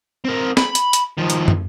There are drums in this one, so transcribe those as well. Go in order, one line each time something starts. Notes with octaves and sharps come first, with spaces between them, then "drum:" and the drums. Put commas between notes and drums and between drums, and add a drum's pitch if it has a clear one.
C4 A#4
B5, drum: snare
drum: hi-hat
drum: hi-hat
D#3 F3
drum: hi-hat
drum: tom